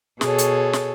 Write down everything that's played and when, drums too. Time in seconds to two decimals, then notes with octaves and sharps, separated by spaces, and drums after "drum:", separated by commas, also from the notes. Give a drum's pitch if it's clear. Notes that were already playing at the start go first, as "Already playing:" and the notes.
0.21 B2 G#4 A4 C#5, drum: snare
0.38 drum: hi-hat
0.73 drum: snare